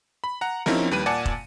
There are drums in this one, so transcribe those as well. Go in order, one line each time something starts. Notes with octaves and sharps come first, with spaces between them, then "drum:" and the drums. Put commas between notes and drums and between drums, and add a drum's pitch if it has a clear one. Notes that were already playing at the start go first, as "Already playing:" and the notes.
B5
F#5 A#5
F3 C4 C#4 D#4 E4 A#4, drum: snare
D#2 G3 B4 B5 D#7
A#2 D5 F#5 G#5 A5 C#7
drum: kick